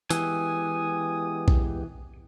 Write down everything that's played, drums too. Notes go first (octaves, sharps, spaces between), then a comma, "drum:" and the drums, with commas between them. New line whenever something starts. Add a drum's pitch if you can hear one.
E3 G#3 B3 G4 G#5 D#6, drum: hi-hat
drum: kick B1